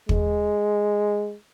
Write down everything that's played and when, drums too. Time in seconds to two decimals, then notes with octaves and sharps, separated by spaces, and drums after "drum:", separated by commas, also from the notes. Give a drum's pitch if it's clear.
0.09 G#3, drum: kick